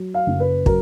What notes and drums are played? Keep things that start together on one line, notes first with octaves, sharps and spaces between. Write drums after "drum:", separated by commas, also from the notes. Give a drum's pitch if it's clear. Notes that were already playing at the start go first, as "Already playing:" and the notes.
Already playing: F#3
F5
F#1
B4
F#3 A#4, drum: kick